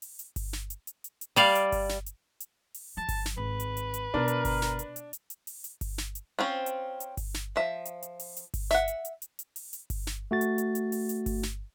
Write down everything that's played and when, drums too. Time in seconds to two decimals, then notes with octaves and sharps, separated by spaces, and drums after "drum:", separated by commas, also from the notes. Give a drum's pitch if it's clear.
0.02 drum: open hi-hat
0.19 drum: hi-hat
0.36 drum: kick G1, open hi-hat
0.53 drum: snare
0.70 drum: hi-hat
0.87 drum: hi-hat
1.04 drum: hi-hat
1.21 drum: hi-hat
1.36 G3 D5 F5, drum: open hi-hat
1.55 drum: hi-hat
1.72 drum: kick G1, open hi-hat
1.89 drum: snare
2.06 drum: hi-hat
2.40 drum: hi-hat
2.74 drum: open hi-hat
2.97 F3 A5
3.09 drum: kick G1, open hi-hat
3.26 drum: snare
3.37 G#1 B4
3.60 drum: hi-hat
3.77 drum: hi-hat
3.94 drum: hi-hat
4.14 B2 D4 A#4
4.28 drum: hi-hat
4.45 drum: kick G1, open hi-hat
4.62 drum: snare
4.79 drum: hi-hat
4.96 drum: hi-hat
5.13 drum: hi-hat
5.30 drum: hi-hat
5.47 drum: open hi-hat
5.64 drum: hi-hat
5.81 drum: kick G1, open hi-hat
5.98 drum: snare
6.15 drum: hi-hat
6.39 C4 C#4 F4
6.66 drum: hi-hat
7.00 drum: hi-hat
7.17 drum: kick G1, open hi-hat
7.34 drum: snare
7.56 F3 E5
7.85 drum: hi-hat
8.02 drum: hi-hat
8.20 drum: open hi-hat
8.37 drum: hi-hat
8.54 drum: kick G1, open hi-hat
8.71 E5 F#5, drum: snare
8.88 drum: hi-hat
9.05 drum: hi-hat
9.22 drum: hi-hat
9.39 drum: hi-hat
9.56 drum: open hi-hat
9.73 drum: hi-hat
9.90 drum: kick G1, open hi-hat
10.07 drum: snare
10.31 A3 F#4 A6
10.41 drum: hi-hat
10.58 drum: hi-hat
10.75 drum: hi-hat
10.92 drum: open hi-hat
11.09 drum: hi-hat
11.26 drum: kick G1, open hi-hat
11.43 drum: snare